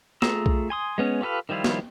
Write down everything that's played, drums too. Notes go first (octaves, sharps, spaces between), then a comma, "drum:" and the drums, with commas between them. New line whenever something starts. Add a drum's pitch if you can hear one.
A3 F4 G#4 A#5 E6, drum: snare
drum: kick B1
G#5 C6 D#6
G#3 B3 C#4
F4 G4 A4 B4 F5
D#3 F3 G3 E4 F4
drum: snare